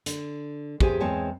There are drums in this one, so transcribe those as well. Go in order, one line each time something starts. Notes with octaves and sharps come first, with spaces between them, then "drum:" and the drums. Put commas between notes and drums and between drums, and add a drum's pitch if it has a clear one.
D3, drum: hi-hat
E2 G4 G#4 C5 G#5, drum: kick
E2 G#3 C4 C#5 G#5 A5